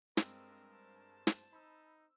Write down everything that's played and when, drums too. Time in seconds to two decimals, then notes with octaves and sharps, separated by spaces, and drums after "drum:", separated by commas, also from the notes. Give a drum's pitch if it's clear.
0.17 G2 G#3 C4 A#4 D#5 A5 E6, drum: snare
0.72 C5 A5
1.27 drum: snare
1.53 D#4 B5 E6